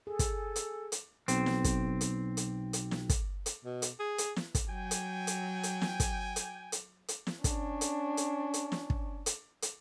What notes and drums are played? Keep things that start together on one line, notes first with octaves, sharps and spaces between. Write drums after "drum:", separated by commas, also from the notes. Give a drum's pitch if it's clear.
G#4 A4
drum: kick, hi-hat
drum: hi-hat
drum: hi-hat
B1 C4, drum: hi-hat
drum: snare
drum: kick, hi-hat
drum: hi-hat
drum: hi-hat
drum: hi-hat
drum: snare
drum: kick, hi-hat
drum: hi-hat
B2
drum: hi-hat
G#4
drum: hi-hat
drum: snare
drum: kick, hi-hat
F#3 G5 G#5
drum: hi-hat
drum: hi-hat
drum: hi-hat
drum: snare
drum: kick, hi-hat
drum: hi-hat
drum: hi-hat
drum: hi-hat
drum: snare
C#4 D4, drum: kick, hi-hat
drum: hi-hat
drum: hi-hat
drum: hi-hat
drum: snare
drum: kick
drum: hi-hat
drum: hi-hat